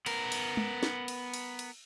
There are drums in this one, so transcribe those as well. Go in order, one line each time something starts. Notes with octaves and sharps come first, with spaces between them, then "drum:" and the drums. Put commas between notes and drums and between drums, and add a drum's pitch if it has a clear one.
B3 A#4, drum: cymbal
drum: cymbal
drum: tom
drum: snare
drum: cymbal
drum: cymbal
drum: cymbal